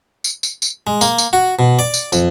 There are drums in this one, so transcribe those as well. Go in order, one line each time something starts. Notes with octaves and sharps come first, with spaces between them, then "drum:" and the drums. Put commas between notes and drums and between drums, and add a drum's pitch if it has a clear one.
drum: tambourine
drum: tambourine
drum: tambourine
G#3
A#3, drum: tambourine
drum: tambourine
F#4
B2
D5
drum: tambourine
F2, drum: tambourine